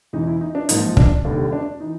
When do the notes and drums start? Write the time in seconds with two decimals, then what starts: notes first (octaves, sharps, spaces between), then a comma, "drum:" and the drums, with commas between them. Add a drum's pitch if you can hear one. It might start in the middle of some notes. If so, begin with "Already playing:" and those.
0.13 E1 E2 C#3 E3 D#4
0.27 E4
0.41 D#4
0.55 D4
0.69 A1 G#2 F3 A#3 D#4, drum: hi-hat
0.97 D4, drum: kick
1.25 F1 D#2 D3 G3
1.52 D4
1.80 E3 D#4